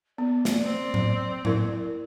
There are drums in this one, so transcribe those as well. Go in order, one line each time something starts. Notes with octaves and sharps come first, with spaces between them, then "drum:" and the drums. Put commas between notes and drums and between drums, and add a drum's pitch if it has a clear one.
B3 D5
drum: snare
C4
drum: tom A2
E4 A#4, drum: tom A2